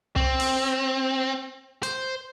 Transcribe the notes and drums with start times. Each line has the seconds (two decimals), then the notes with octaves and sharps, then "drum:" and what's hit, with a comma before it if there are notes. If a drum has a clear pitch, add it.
0.16 C4, drum: kick
0.40 drum: open hi-hat
1.83 C5, drum: hi-hat